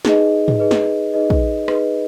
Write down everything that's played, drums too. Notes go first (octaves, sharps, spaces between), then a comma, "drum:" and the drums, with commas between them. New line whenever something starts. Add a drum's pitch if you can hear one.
D#4 G#4 B4 D#5, drum: snare
drum: tom G#2
D#4 G#4 B4 D#5
drum: snare
D#4 G#4 B4 D#5
drum: kick
D#4 G#4 B4 D#5, drum: rim click